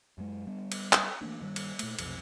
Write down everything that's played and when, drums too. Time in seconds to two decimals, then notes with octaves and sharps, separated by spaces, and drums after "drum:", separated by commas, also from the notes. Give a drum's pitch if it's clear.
0.18 F#2 G#3
0.47 G3 B3 D4
0.72 drum: cymbal
0.93 drum: clap
1.21 E3 A3 A#3 D4
1.41 G2 D#3 G3
1.56 drum: cymbal
1.79 A#2 A3, drum: cymbal
1.99 B1 F2 C3, drum: cymbal